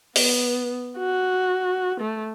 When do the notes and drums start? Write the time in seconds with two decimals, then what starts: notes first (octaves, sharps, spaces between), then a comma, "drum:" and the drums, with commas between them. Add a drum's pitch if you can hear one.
0.16 B3, drum: open hi-hat
0.97 F#4
2.00 A3